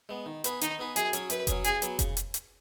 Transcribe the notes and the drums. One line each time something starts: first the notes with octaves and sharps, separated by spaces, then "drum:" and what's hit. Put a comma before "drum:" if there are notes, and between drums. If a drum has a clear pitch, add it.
G#3 B3
D#3
B3 G#4 B4, drum: hi-hat
D#3 D#4, drum: hi-hat
B3 G#4 B4
F#2 G#4, drum: hi-hat
F#3 C#4 G#4, drum: hi-hat
F#2 B4, drum: hi-hat
F#3 C#4 G#4, drum: kick F1, hi-hat
C#3 G#4, drum: hi-hat
F#3 B3, drum: hi-hat
C#3, drum: kick F1, hi-hat
drum: hi-hat
drum: hi-hat